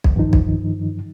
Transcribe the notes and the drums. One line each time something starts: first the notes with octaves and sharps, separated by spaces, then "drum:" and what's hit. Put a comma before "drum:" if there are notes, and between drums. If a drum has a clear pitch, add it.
drum: kick B1
G2 D#3 F3 D#4
drum: kick B1